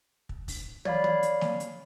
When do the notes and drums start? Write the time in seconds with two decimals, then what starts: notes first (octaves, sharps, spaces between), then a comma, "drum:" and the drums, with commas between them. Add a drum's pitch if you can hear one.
0.29 drum: kick
0.48 drum: kick, open hi-hat
0.85 C#5 D5 F5 B5, drum: tom
1.04 drum: tom
1.23 drum: hi-hat
1.41 drum: snare
1.60 drum: hi-hat